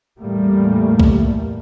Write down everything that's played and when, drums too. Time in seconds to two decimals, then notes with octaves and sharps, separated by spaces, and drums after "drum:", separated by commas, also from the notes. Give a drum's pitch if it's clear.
0.20 E2 A2 G3 A3 A#3
0.99 drum: kick